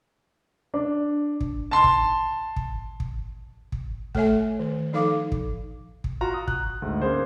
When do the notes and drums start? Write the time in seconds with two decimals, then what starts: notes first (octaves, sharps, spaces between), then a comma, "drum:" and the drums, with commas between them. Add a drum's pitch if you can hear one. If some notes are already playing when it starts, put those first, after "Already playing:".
0.74 D4
1.41 drum: kick
1.71 A5 C6
1.84 drum: kick
2.56 drum: kick
3.00 drum: kick
3.72 drum: kick
4.15 A3 A4 C#5 E5 G#5, drum: kick
4.59 D#3
4.93 F3 D#4 A4 F5 D6
5.32 drum: kick
6.04 drum: kick
6.21 F4 F#4 A#5
6.34 D#6
6.48 F#6, drum: kick
6.82 D2 G#2
7.02 A#3 C#4 G#4 C5